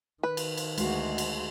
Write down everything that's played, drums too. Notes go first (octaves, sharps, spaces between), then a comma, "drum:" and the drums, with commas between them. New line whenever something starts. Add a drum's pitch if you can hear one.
D#3 B4
drum: cymbal
drum: cymbal
D2 G#3 F#4 C6, drum: cymbal
drum: cymbal